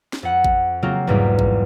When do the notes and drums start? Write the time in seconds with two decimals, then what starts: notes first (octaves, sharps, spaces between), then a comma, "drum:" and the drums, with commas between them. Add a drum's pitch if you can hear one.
0.13 drum: snare
0.23 F2 F#5
0.44 drum: kick G#1
0.82 C#3 F#3 A#3 C4 F4 F#4
1.07 B1 E2 G#2 G3 A#3
1.39 drum: kick G#1